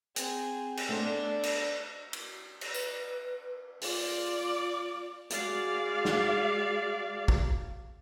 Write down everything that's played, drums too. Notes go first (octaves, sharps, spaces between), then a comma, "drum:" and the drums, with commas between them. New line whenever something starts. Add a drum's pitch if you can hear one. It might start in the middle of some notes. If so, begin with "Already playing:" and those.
C4 G#4, drum: hi-hat
drum: cymbal
A3 B3 D4 C5
drum: cymbal
drum: cymbal
drum: cymbal
B4, drum: tambourine
F4 D5, drum: open hi-hat
G#3 F#4 D5 F5, drum: hi-hat
drum: snare
drum: kick